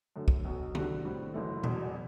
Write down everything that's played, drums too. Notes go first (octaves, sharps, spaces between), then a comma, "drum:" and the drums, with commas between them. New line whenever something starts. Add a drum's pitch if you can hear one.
F#2 D3 A3
drum: kick
B1 B2 F#3
C3 G3 D4 F#4 A4, drum: tom D3
A2 G3 C4 F#4
F#1 F#2 E3 A3
E1 E2 B2, drum: tom A#2